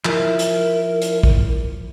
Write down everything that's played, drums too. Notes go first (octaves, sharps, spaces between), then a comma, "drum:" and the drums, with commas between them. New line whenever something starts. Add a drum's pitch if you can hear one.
F3 E4 A#4, drum: clap
drum: hi-hat
drum: hi-hat
drum: kick